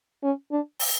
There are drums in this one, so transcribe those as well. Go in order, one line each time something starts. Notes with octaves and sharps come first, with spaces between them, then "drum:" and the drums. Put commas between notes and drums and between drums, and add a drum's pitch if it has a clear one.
C#4
D4
drum: open hi-hat